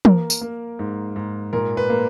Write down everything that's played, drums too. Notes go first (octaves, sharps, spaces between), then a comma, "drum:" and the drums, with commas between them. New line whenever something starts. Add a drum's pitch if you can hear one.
A#3 A#4, drum: tom
drum: tambourine
A#3
G#2
G#2
A#2 A#4
B4
A#3